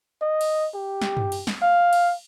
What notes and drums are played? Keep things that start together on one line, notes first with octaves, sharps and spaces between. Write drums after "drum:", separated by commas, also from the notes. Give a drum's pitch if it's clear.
D#5
drum: cymbal
G4
drum: snare
drum: tom
drum: cymbal
drum: snare
F5
drum: cymbal